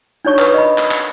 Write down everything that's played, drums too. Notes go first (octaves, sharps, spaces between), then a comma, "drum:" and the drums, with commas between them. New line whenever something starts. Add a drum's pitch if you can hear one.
D4 D#4 C#5 C#6
B4, drum: clap
D#5 B5
drum: clap
drum: clap